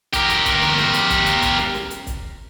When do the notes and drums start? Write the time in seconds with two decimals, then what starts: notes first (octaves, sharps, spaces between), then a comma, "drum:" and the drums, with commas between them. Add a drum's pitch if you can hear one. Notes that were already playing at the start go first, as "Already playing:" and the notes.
0.13 G4 A#4, drum: kick, hi-hat
0.29 drum: hi-hat
0.45 drum: kick, hi-hat
0.62 drum: snare
0.78 drum: snare
0.94 drum: hi-hat
1.10 drum: kick, hi-hat
1.26 drum: hi-hat
1.42 drum: kick, hi-hat
1.58 drum: snare
1.74 drum: snare
1.91 drum: hi-hat
2.07 drum: kick, hi-hat